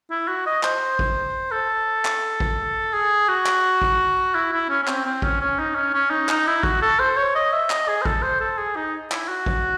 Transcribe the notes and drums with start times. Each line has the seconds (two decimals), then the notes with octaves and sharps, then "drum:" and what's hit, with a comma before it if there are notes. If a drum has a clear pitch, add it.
0.11 E4
0.28 F#4
0.47 D#5
0.63 C5, drum: clap
0.99 drum: kick
1.52 A4
2.05 drum: clap
2.40 drum: kick
2.94 G#4
3.28 F#4
3.46 drum: clap
3.82 drum: kick
4.35 E4
4.53 E4
4.69 C#4
4.83 C#4
4.87 C4, drum: clap
5.05 C4
5.22 C#4, drum: kick
5.41 C#4
5.59 D#4
5.75 C#4
5.94 C#4
6.10 D#4
6.29 D#4, drum: clap
6.47 E4
6.63 F#4, drum: kick
6.82 A4
7.00 C5
7.17 C#5
7.35 D#5
7.52 E5
7.70 D#5, drum: clap
7.88 G#4
8.02 C5
8.05 A4, drum: kick
8.22 C5
8.40 A4
8.58 G#4
8.76 D#4
9.12 E4, drum: clap
9.28 F#4
9.46 drum: kick